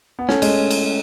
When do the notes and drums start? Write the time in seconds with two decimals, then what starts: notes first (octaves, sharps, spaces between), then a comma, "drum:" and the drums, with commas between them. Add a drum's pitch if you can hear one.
0.19 B3
0.29 A3 C#4, drum: snare
0.42 G#3, drum: cymbal
0.71 drum: cymbal